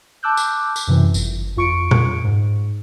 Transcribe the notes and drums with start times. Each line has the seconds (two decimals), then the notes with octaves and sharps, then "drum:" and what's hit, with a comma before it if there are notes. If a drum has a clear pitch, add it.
0.23 A5 D6 E6 F#6 G6
0.37 drum: tambourine
0.76 drum: tambourine
0.87 F#2 C3 E3
1.14 G1, drum: tambourine
1.57 F2 F4 C#6 C#7 D7
1.91 drum: tom A#2
2.24 G#2